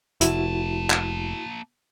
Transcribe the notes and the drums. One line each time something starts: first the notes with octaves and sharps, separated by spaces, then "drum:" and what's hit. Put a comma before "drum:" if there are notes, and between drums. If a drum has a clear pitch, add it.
F1 A#3 E4 F#4 A5, drum: hi-hat
drum: clap